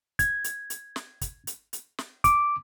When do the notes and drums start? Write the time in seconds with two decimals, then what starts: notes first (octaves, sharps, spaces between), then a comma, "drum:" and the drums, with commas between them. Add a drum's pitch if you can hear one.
0.19 G#6, drum: kick, hi-hat
0.44 drum: hi-hat
0.70 drum: hi-hat
0.96 drum: snare
1.21 drum: kick, hi-hat
1.47 drum: hi-hat
1.73 drum: hi-hat
1.98 drum: snare
2.24 D6, drum: kick, hi-hat